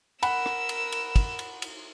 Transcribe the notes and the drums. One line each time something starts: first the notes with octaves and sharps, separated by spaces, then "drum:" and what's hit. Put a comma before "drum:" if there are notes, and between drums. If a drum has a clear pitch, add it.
A#4 F#5 B5 E6, drum: cymbal
drum: rim click
drum: cymbal
drum: cymbal
drum: kick, cymbal
drum: cymbal
drum: cymbal